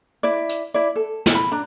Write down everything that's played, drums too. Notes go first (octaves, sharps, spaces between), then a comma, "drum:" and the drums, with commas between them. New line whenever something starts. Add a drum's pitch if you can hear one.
E4 D5
drum: hi-hat
E4 D5
A4
drum: snare
B5
D4 A#5